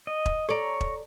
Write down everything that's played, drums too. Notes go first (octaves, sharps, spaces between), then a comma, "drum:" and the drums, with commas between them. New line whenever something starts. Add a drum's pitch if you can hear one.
D#5
drum: kick E1
A4 C#5 D5 A#5
drum: kick E1